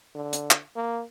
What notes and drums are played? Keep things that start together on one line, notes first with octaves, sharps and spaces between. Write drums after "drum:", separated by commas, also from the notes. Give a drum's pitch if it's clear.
D3
drum: hi-hat
drum: clap
A#3